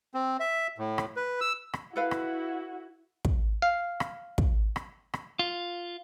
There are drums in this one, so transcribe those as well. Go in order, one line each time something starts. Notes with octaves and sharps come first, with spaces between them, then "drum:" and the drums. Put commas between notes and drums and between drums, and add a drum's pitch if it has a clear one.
C4
E5
A2
drum: rim click
B4
E6
drum: rim click
E4 F#4 A4 B4 F5
drum: rim click
drum: kick
F5
drum: rim click
drum: kick
drum: rim click
drum: rim click
F4